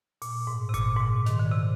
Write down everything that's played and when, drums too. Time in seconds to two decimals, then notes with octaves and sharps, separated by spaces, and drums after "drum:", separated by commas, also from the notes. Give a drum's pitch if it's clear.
0.22 A#2, drum: open hi-hat
0.47 G#2
0.69 C3
0.74 A#2, drum: kick G#1, hi-hat
0.96 G#2
1.01 A#2
1.26 D#3, drum: snare
1.39 D3
1.52 C3